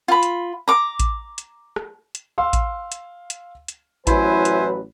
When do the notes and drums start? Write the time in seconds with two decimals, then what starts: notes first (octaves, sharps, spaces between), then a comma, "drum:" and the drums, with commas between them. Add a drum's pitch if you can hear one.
0.08 F4 B5
0.23 drum: hi-hat
0.68 A#5 D6
1.00 drum: kick A1, hi-hat
1.38 drum: hi-hat
1.76 drum: rim click
2.15 drum: hi-hat
2.38 F5 C6 E6
2.53 drum: kick A1, hi-hat
2.92 drum: hi-hat
3.30 drum: hi-hat
3.68 drum: hi-hat
4.07 A1 F#3 E4 B4 C5 E5 G#5 B5, drum: kick A1, hi-hat
4.45 drum: hi-hat